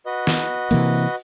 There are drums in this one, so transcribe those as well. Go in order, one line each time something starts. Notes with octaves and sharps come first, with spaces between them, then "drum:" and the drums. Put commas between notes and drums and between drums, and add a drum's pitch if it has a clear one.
F#4 B4 D#5
drum: snare
C3 E3 A#3, drum: cymbal